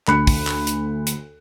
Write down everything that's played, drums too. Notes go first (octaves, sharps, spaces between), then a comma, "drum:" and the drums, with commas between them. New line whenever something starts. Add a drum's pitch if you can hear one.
D2 B5 F#6 C#7, drum: clap
drum: kick, open hi-hat
drum: clap
drum: hi-hat
drum: hi-hat